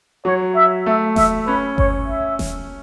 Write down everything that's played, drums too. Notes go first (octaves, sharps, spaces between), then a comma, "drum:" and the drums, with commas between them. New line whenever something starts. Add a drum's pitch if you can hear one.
F#3 C#5
E5
A3 E5
E5, drum: snare E1
C#4 B4
C#5, drum: kick G1
E5
drum: snare E1